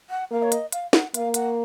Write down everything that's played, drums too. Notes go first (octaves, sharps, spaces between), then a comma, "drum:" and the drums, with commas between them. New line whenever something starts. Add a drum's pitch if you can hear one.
F#5
A#3 F5
C#5
D#5, drum: hi-hat
F5, drum: hi-hat
F#5, drum: snare
A#3 F5, drum: hi-hat
F#5, drum: hi-hat